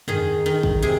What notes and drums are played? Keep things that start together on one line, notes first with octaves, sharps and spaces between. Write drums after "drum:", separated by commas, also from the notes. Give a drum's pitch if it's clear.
D#3 G#4, drum: tom
D#3
drum: kick
C3 G#4